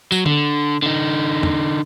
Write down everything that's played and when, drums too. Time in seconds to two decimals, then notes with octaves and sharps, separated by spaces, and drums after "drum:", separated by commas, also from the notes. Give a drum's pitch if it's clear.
0.12 F#3, drum: tambourine
0.26 D3, drum: tom D3
0.82 D3 D#4
1.43 drum: tom